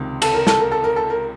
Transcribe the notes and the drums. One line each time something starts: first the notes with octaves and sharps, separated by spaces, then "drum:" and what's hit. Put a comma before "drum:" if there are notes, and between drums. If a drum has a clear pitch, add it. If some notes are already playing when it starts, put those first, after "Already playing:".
Already playing: C#2 C3 D#3
A4, drum: cymbal
A#4
A4, drum: snare
A#4
A4
A#4
A4
A#4